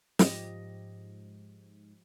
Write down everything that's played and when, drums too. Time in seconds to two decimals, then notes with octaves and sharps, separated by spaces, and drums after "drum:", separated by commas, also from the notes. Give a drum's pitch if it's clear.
0.19 G#2 F3 G4 D#5, drum: snare